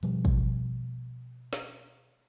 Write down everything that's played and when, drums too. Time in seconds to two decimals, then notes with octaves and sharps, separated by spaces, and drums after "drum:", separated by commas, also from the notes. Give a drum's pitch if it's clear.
0.03 B2 F3 G3, drum: hi-hat
0.25 drum: kick
1.53 drum: snare